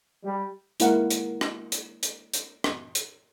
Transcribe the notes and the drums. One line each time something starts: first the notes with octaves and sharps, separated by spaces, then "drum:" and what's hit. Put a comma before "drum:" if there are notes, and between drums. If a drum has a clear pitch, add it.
G3
G#3 A#3 E4 A#4 F5 F#5, drum: hi-hat
drum: hi-hat
drum: rim click
drum: hi-hat
drum: hi-hat
drum: hi-hat
drum: rim click
drum: hi-hat